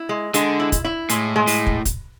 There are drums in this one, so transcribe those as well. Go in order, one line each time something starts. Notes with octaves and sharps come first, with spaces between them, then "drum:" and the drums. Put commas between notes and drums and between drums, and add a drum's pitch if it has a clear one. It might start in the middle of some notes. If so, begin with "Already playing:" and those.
Already playing: E4
G#3
D3 G#3, drum: hi-hat
E4
drum: kick, hi-hat
E4
A2 G#3, drum: hi-hat
G#3
A2, drum: open hi-hat
drum: kick
drum: kick, hi-hat